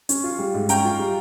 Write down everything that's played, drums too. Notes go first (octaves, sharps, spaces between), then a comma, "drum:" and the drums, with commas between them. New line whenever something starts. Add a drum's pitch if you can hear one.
C#4, drum: hi-hat
F4
G3
G#2
C#4 G5 A#5, drum: hi-hat
F4
G3